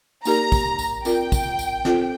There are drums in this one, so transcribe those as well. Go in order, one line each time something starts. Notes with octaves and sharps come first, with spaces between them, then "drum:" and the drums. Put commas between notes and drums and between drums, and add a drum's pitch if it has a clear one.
A#3 D#4 G4 A#4 D5 A#5, drum: tambourine
drum: kick, tambourine
drum: tambourine
C4 F4 A#4 D5 G5, drum: tambourine
drum: kick, tambourine
drum: tambourine
C4 F4 A4 C5, drum: snare